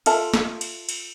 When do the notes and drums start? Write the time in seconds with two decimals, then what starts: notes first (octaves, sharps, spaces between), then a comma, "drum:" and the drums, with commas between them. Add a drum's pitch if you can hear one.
0.06 F4 A4 E5 A5, drum: cymbal
0.34 drum: snare
0.61 drum: cymbal
0.89 drum: cymbal